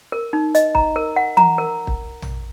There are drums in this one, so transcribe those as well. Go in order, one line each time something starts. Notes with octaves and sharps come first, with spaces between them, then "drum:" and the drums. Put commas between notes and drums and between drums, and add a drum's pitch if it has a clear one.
A#4
D#4
D#5, drum: hi-hat
A#5, drum: kick
A#4
F#5
A#5, drum: tom E3
A#4
drum: kick
drum: tom A#1